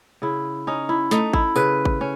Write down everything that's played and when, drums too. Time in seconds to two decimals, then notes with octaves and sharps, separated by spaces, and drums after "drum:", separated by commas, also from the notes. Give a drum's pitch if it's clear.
0.22 C#3 E4
0.67 C#4 D#4
0.89 E4
1.11 A3 D#4, drum: snare
1.33 E4, drum: kick G#1
1.56 C#3 B4, drum: tambourine
1.85 drum: kick G#1
2.01 C#4